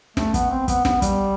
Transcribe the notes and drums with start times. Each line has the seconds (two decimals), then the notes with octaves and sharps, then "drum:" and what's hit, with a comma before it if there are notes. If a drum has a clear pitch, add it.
0.17 A3, drum: snare
0.34 B3, drum: kick, hi-hat
0.51 C4
0.68 B3, drum: kick, hi-hat
0.85 B3, drum: snare
1.02 G3, drum: kick, hi-hat